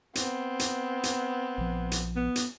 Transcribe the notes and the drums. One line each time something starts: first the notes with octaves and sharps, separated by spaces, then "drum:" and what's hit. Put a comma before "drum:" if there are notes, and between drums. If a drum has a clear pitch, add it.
B3 C4, drum: hi-hat
drum: hi-hat
drum: hi-hat
A#1 F3
drum: hi-hat
B3
drum: hi-hat